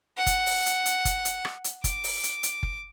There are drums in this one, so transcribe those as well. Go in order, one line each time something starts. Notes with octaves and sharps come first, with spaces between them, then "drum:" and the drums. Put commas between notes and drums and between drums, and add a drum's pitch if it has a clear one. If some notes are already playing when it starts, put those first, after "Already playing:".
F#5
drum: kick, hi-hat
drum: open hi-hat
drum: hi-hat
drum: hi-hat
drum: kick, hi-hat
drum: hi-hat
drum: rim click
drum: hi-hat
D6, drum: kick, hi-hat
drum: open hi-hat
drum: hi-hat
drum: hi-hat
drum: kick